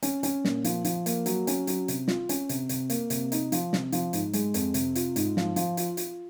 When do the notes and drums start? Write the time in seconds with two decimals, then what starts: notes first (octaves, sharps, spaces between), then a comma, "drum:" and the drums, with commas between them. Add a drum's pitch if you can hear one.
0.03 C#4, drum: hi-hat
0.23 C#4, drum: hi-hat
0.45 A#2, drum: snare
0.64 F3, drum: hi-hat
0.85 F3, drum: hi-hat
1.06 A#3, drum: hi-hat
1.26 F#3, drum: hi-hat
1.47 C#4, drum: hi-hat
1.67 F#3, drum: hi-hat
1.88 C3, drum: hi-hat
2.08 F4, drum: snare
2.29 C#4, drum: hi-hat
2.49 C3, drum: hi-hat
2.69 C3, drum: hi-hat
2.90 A#3, drum: hi-hat
3.10 C3, drum: hi-hat
3.32 D#4, drum: hi-hat
3.52 F3, drum: hi-hat
3.73 C3, drum: snare
3.92 F3, drum: hi-hat
4.13 G#2, drum: hi-hat
4.33 G#3, drum: hi-hat
4.54 F2, drum: hi-hat
4.74 C3, drum: hi-hat
4.95 F4, drum: hi-hat
5.16 G#2, drum: hi-hat
5.37 F3, drum: snare
5.56 F3, drum: hi-hat
5.77 F4, drum: hi-hat
5.97 F4, drum: hi-hat